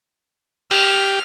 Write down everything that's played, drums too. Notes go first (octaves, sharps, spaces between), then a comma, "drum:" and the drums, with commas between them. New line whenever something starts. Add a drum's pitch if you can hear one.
G4 F6, drum: cymbal